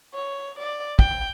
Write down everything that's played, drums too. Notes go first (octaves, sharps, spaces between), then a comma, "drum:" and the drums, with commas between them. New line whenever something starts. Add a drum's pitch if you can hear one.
C#5
D5
G5, drum: kick